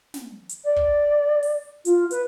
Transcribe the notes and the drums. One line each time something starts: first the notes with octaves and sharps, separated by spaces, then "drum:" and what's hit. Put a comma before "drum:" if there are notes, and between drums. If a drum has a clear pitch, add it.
drum: snare
drum: hi-hat
D5
drum: kick
drum: open hi-hat
F4, drum: hi-hat
B4, drum: hi-hat